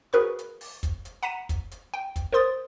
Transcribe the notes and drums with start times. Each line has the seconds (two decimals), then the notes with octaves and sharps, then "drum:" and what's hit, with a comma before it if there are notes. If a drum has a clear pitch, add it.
0.13 F#4 G#4 A#4 B4 B5 C#6
0.39 drum: hi-hat
0.61 drum: open hi-hat
0.83 drum: kick, hi-hat
1.05 drum: hi-hat
1.23 F#5 A#5 B6 D#7 E7
1.49 drum: kick, hi-hat
1.71 drum: hi-hat
1.94 G5
2.16 drum: kick, hi-hat
2.33 A#4 C5 C6 D#6 A6